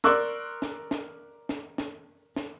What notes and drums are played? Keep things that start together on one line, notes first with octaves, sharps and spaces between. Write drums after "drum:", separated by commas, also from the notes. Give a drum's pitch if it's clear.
A#4 D5 C6 C#6 E6 F#6, drum: snare
drum: snare
drum: snare
drum: snare
drum: snare
drum: snare